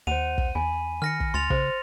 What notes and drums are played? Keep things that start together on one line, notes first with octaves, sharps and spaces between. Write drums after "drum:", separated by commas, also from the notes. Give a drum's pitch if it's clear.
D#2 C5 F#5 D#7 F7
drum: kick
E2 G#5 B5
D#3 F6 A#6 C#7
drum: kick
D2 C6 A6 F7
C#3 C5, drum: kick